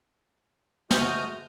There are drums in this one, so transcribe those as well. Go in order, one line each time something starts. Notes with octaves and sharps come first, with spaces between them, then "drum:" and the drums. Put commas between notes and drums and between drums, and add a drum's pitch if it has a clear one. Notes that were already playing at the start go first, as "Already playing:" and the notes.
G#3 A3 F#4 D#6 F6 G6, drum: snare